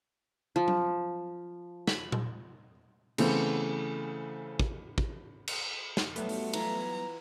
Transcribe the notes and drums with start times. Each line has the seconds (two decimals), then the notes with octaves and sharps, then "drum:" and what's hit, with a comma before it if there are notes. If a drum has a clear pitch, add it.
0.56 F3
0.68 drum: tom F#3
1.87 B5, drum: snare
2.12 drum: tom A#2
3.18 C#3 E3 A3 B3 C4, drum: cymbal
4.59 drum: kick
4.98 drum: kick
5.48 drum: cymbal
5.97 drum: snare
6.16 F#3 G3 A3 B3, drum: hi-hat
6.29 drum: open hi-hat
6.53 E3 E4 F4 A#5, drum: cymbal